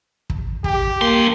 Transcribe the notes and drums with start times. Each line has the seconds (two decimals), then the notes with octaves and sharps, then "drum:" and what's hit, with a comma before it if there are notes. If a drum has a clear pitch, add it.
0.30 drum: kick
0.64 G4, drum: kick
1.01 G2 A#3 C6